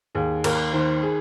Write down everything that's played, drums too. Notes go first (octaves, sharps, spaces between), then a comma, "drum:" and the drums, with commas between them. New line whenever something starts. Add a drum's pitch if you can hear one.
D#2 G#4
D#2 A#4, drum: cymbal
D#3 C5
G#4